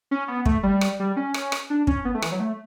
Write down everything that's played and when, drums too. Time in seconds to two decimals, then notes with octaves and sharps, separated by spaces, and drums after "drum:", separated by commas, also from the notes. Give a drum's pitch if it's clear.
0.11 C#4
0.28 B3
0.46 A3, drum: kick
0.63 G3
0.81 drum: rim click
1.00 G3
1.17 C#4
1.34 drum: rim click
1.52 drum: rim click
1.70 D4
1.87 C#4, drum: kick
2.05 B3
2.14 A3
2.22 E3, drum: rim click
2.32 F#3
2.40 A3